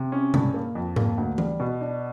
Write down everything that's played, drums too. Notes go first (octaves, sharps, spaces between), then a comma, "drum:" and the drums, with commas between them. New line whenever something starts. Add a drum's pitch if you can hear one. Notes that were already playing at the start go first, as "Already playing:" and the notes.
Already playing: C3
C#4
G2, drum: tom B2
A#3
F2
A#3, drum: tom G#2
D2
G3, drum: tom E3
B2
D4